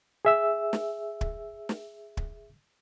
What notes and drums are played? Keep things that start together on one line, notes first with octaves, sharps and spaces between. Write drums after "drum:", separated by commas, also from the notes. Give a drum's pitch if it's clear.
G#4 E5 E6
drum: snare
drum: kick
drum: snare
drum: kick